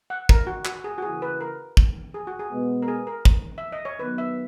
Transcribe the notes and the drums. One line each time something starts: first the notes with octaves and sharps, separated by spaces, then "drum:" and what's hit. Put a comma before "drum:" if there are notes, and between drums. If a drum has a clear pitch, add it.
F#5
A#4, drum: kick
F#4
F#4, drum: clap
G#4
F#4
C#3 E3 A#3 E4 G#4
B4
A#4
drum: kick
G#4
F#4
G#4
B2 G#3 B3
A#4
G#4
A#4
drum: kick
E5
D#5
C#5
D#3 F#3 B3 B4
E5